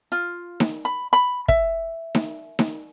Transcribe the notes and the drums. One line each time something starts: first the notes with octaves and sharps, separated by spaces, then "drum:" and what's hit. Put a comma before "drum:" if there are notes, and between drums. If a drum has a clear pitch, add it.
F4
drum: snare D#4
B5
B5
E5, drum: kick
drum: snare D#4
drum: snare D#4